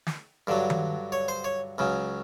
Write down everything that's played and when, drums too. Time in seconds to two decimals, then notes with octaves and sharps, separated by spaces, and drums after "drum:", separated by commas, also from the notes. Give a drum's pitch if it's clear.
0.07 drum: snare
0.47 G2 D3 F#3
0.70 drum: tom D#3
1.12 C#5
1.28 C5
1.44 C#5
1.78 C#2 C#3 F#3